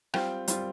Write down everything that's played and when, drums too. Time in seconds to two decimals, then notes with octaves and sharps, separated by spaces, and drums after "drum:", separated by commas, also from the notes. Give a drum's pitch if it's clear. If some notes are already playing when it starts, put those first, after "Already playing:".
0.14 G3 C4 F4 G5, drum: rim click
0.48 G3 C4 F4 C5, drum: hi-hat